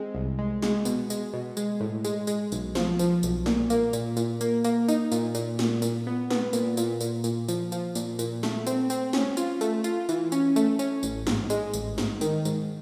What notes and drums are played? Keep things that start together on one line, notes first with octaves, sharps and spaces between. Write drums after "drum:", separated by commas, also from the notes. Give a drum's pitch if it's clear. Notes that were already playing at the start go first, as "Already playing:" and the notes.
Already playing: G#3 C4
C2
G#3
G#3, drum: snare
B2, drum: tambourine
G#3, drum: tambourine
B2
G#3, drum: tambourine
A2
G#3, drum: tambourine
G#3, drum: tambourine
B1, drum: tambourine
F3, drum: snare
F3, drum: tambourine
B1, drum: tambourine
A#2, drum: snare
A#3, drum: tambourine
A#2, drum: tambourine
A#2, drum: tambourine
A#3, drum: tambourine
A#3, drum: tambourine
D#4, drum: tambourine
A#2, drum: tambourine
A#2, drum: tambourine
A#2, drum: snare
A#2, drum: tambourine
B3
B3, drum: snare
A#2, drum: tambourine
A#2, drum: tambourine
A#2, drum: tambourine
A#2, drum: tambourine
F3, drum: tambourine
F3, drum: tambourine
A#2, drum: tambourine
A#2, drum: tambourine
A3, drum: snare
C4, drum: tambourine
C4, drum: tambourine
C#4, drum: snare
F4, drum: tambourine
A3, drum: tambourine
F4, drum: tambourine
E3, drum: tambourine
C#4, drum: tambourine
A3, drum: tambourine
C#4, drum: tambourine
A1, drum: tambourine
G#2, drum: snare
G#3, drum: tambourine
A1, drum: tambourine
G#2, drum: snare
D#3, drum: tambourine
G#2, drum: tambourine